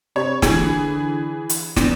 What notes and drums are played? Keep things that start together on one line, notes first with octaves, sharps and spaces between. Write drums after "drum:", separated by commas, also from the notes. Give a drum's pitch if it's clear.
C3 C#5
D3 E3 G#4, drum: snare
drum: hi-hat
E1 E2, drum: snare